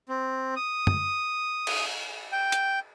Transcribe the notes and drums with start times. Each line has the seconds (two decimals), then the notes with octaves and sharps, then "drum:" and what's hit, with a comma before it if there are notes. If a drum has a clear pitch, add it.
0.09 C4
0.56 D#6
0.87 drum: tom
1.67 drum: cymbal
2.32 G5
2.52 drum: hi-hat